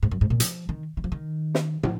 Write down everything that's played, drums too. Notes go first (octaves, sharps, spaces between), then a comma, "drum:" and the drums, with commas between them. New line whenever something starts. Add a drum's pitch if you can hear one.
G#2
F#2
G#2
A#2
F3, drum: hi-hat
D#3
D#3
F3
D#3
drum: snare
F3, drum: tom